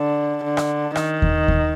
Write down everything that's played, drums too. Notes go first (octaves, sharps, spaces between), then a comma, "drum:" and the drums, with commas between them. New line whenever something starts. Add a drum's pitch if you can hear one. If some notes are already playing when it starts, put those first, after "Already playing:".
Already playing: D3
D3
drum: rim click
D#3, drum: rim click
drum: kick D#2
drum: kick D#2